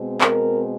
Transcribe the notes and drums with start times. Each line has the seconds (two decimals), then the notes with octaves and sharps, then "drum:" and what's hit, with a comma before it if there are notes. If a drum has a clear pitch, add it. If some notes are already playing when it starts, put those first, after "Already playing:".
Already playing: B2 G#3 C4
0.21 A#4, drum: clap